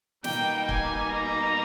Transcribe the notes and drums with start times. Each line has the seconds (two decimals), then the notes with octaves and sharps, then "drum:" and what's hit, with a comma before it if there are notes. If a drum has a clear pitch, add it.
0.24 B2 G3 A#3 D#4 G5, drum: snare
0.69 G#5, drum: kick
1.13 A#5